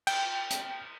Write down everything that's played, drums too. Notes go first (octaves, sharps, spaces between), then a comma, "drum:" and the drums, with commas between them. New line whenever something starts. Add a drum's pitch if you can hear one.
G5, drum: cymbal
drum: hi-hat